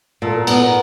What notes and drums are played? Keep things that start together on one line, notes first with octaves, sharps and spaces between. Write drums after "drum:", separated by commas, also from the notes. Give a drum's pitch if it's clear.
A#2 A4
A#4
B3 B4, drum: cymbal
A#4